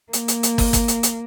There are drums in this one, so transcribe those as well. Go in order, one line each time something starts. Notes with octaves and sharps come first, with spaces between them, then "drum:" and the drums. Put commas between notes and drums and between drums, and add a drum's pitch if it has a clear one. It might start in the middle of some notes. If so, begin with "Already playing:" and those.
A#3, drum: hi-hat
drum: hi-hat
drum: hi-hat
drum: kick, open hi-hat
drum: kick, hi-hat
drum: hi-hat
drum: hi-hat